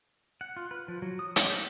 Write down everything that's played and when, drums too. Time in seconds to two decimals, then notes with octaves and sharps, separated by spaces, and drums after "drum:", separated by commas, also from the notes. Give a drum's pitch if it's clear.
0.41 F#5
0.57 F4
0.71 B4
0.88 F3
1.02 F#3
1.19 D#6
1.36 D#5, drum: hi-hat
1.50 G6